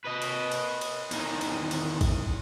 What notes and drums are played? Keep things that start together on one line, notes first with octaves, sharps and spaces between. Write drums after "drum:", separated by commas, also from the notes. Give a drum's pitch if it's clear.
B4 D#5
drum: cymbal
drum: cymbal
drum: cymbal
E2 D#3, drum: cymbal
drum: cymbal
drum: cymbal
drum: kick A1, cymbal